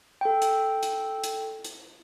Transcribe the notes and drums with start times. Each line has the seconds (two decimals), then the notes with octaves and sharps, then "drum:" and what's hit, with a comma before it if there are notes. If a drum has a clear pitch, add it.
0.21 A4 G5
0.42 drum: hi-hat
0.83 drum: hi-hat
1.24 drum: hi-hat
1.64 drum: hi-hat